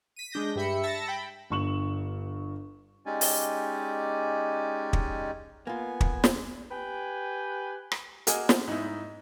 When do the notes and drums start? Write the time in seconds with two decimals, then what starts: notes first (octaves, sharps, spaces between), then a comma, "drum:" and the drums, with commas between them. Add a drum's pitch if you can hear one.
0.16 B6 D#7
0.32 G#3 D4 G6 A#6
0.56 G2 G3 E5 B5 C#7
0.83 E5 A5 E6 A6 A#6 C#7
1.08 G5 B5
1.50 G1 G2 C#6 E7 F#7
3.06 G#3 C#4 D#4 G4 D5 G#5
3.21 drum: open hi-hat
4.93 drum: kick
5.67 A#3 B3 F4 G#5
6.01 drum: kick
6.24 drum: snare
6.71 G4 B4 G5 G#5
7.92 drum: rim click
8.27 A#3 F#4 G#4 A#4 D#5 G#5, drum: hi-hat
8.49 drum: snare
8.68 G#2 D#4 E4